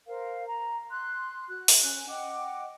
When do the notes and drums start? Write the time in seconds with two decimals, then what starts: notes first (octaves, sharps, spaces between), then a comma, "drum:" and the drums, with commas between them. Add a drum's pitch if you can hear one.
0.07 A#4 C5 F5
0.47 A#5
0.91 C6 F#6
1.49 F#4 F#6
1.68 drum: open hi-hat
1.82 C#4 G#5 F#6
2.08 D#5 F#5 G5 D6